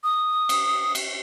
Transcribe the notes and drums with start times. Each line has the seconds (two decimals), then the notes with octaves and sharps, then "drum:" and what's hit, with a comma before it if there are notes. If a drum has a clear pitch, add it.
0.04 D#6
0.49 drum: cymbal
0.95 drum: cymbal